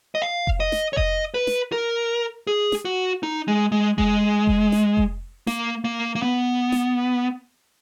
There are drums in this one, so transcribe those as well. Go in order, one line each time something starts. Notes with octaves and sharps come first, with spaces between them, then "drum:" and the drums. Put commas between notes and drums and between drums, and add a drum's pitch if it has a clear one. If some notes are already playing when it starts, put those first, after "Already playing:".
D#5
F5
drum: kick F1
D#5
drum: snare
C#5
D#5, drum: kick F1
B4
drum: snare
A#4
G#4
drum: snare
F#4
D#4
G#3
G#3
G#3, drum: kick F1
drum: kick F1
drum: snare
drum: kick F1
A#3, drum: snare
A#3
A#3
B3
drum: snare